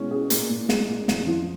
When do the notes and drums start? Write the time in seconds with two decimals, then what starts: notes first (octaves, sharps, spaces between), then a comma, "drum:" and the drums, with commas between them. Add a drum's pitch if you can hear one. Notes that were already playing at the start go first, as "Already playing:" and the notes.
Already playing: B2 G#3 C#4
0.11 G#4
0.30 A#2, drum: hi-hat
0.50 A#2
0.69 G#3, drum: snare
0.88 A#2
1.08 F2, drum: snare
1.27 F3